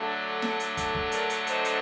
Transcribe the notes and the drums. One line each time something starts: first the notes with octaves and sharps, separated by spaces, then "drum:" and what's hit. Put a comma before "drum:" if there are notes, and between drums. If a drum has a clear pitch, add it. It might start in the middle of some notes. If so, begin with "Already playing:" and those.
Already playing: D3 F#3 A3 D4
drum: snare
drum: hi-hat
drum: kick, hi-hat
drum: kick
A#4 D5, drum: hi-hat
drum: hi-hat
C5 D#5, drum: hi-hat
drum: hi-hat